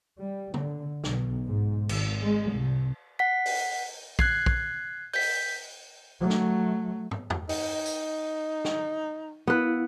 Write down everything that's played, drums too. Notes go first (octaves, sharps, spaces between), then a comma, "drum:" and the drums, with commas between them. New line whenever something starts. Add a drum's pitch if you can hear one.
G3
D3, drum: tom C#3
B1, drum: snare
G#2
G#1, drum: cymbal
G#3
C2
F#5 B6
drum: open hi-hat
F#6 G#6 C7, drum: kick
drum: kick
G6 B6, drum: open hi-hat
F#3 A3
drum: snare
drum: tom
drum: tom E2
D#4, drum: open hi-hat
drum: tambourine
drum: snare
B3 E4 B4 F5